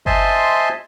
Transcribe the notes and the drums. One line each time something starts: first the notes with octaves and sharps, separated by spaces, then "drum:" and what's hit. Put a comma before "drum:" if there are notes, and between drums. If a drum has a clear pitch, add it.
C5 D#5 E5 G#5 A5 C6, drum: kick G1